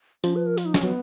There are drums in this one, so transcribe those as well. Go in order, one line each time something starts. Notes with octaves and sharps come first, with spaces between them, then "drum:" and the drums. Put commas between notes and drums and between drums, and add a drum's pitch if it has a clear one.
F3 C#4, drum: hi-hat
B4
A#4
F4, drum: hi-hat
D#4
C#4, drum: snare
F#3 B3